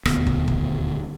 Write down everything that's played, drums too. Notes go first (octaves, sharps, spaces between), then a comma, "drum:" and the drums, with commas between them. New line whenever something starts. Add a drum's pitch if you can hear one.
D#1 D2 B3, drum: rim click
drum: kick
drum: kick